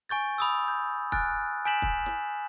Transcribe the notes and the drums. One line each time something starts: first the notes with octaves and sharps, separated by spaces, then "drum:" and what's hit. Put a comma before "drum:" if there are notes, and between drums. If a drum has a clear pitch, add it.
G#5 C#6 G6 A6
B5 D#6 E6
G6
G#5 F6 F#6 A6, drum: kick
G#5 G6 B6 E7 F#7
drum: kick
drum: snare